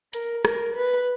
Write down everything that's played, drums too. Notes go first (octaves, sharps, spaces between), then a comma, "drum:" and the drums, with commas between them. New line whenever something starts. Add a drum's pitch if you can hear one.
A#4, drum: hi-hat
A#4, drum: rim click
B4